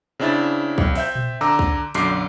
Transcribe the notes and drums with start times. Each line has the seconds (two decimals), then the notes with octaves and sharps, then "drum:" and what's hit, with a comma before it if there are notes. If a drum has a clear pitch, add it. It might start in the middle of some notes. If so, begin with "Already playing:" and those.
0.19 C#3 C4 D4 E4 E5 A6
0.78 B1, drum: kick
0.95 C4 E5 G6, drum: open hi-hat
1.16 drum: tom A#2
1.41 D3 A#5 D6 E6
1.59 drum: kick
1.94 B1 F#2 D3 D6 C7, drum: hi-hat